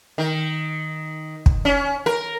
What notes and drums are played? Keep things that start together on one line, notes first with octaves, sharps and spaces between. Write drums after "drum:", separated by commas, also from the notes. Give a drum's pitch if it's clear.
D#3
drum: kick
C#4
A#4